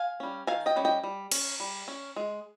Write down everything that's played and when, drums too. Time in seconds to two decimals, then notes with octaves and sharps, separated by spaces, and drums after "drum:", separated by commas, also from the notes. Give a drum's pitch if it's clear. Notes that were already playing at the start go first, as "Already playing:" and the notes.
Already playing: F5 G#5
0.20 G3 C#4
0.47 D#3 F5 G#5
0.66 D#5 G5
0.76 G3 C#4
0.85 D#5 G5
1.04 G3
1.32 C#4, drum: cymbal
1.60 G3
1.88 C#4
2.16 G#3